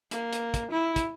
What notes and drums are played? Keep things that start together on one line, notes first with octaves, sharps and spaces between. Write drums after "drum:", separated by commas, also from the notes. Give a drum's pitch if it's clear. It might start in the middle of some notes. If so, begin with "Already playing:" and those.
A#3, drum: hi-hat
drum: hi-hat
drum: kick, hi-hat
E4
drum: kick, hi-hat